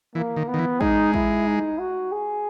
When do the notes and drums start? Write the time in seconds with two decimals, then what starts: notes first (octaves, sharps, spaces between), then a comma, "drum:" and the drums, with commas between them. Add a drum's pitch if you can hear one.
0.15 E3 A#3
0.36 D#3
0.48 B3
0.54 D#3
0.59 E3
0.81 G#3 D#4, drum: kick
1.14 E4, drum: kick
1.47 D#4
1.79 F#4
2.12 G#4